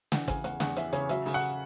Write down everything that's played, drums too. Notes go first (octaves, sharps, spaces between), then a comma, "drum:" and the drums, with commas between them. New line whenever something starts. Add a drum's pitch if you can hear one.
E3 F#5, drum: snare
C#3 G#5, drum: kick, hi-hat
E2 F#5, drum: hi-hat
E2 F#5, drum: snare
E3 E5, drum: hi-hat
C#3 C#5, drum: hi-hat
F#3 E5, drum: hi-hat
C#3, drum: open hi-hat
F#5